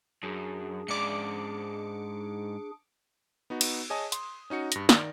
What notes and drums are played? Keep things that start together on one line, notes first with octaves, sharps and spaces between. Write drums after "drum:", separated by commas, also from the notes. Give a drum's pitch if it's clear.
F#2 D4 G#4
G#2 D5 D6 C#7
B3 D#4 F#4
drum: cymbal
G#4 C#5 D#5 G#5 A5 D#6
C6, drum: hi-hat
C#4 D#4 F#4 C#7
G2 A#6, drum: hi-hat
D#3 D5, drum: snare